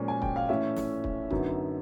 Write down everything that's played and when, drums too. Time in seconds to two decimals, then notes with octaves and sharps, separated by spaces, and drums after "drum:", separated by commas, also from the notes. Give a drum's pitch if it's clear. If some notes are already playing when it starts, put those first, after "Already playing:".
Already playing: A#2 F3 G#3 C#4
0.08 G#5
0.22 G5, drum: kick
0.36 F5
0.49 A2 E3 A3 C#4 E4 E5
0.77 drum: snare
1.04 drum: kick
1.30 F#2 D3 F#3 B3 D#4, drum: kick